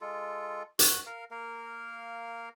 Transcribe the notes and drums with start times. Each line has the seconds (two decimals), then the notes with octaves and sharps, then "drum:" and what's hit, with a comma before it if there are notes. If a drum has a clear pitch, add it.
0.01 G#3 F4 A4
0.79 F#4, drum: hi-hat
1.06 A#4 F5
1.31 A#3 A#4 F5